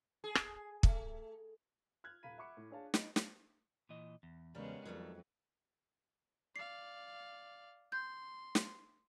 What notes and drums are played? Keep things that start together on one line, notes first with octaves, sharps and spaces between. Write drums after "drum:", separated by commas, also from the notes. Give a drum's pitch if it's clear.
G#4
drum: rim click
A3, drum: kick
F6 F#6 G#6
D#1 F5 A#5 B5 B6 D#7
E5 F#5 B5 C#6 D6 C#7
A2
D4 G#4 C#5 F5 A5
D#4 B5 D7, drum: snare
drum: snare
A#2 E3 D#5
E2
C#3 G3 G#3 A#3 B3 C#4
F2 D#3 F#3 G3 A3
D5 F5 C7
C6 G6
drum: snare